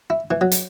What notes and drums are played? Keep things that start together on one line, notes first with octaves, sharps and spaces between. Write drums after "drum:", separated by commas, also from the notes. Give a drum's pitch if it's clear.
E4
E3
F#3
drum: hi-hat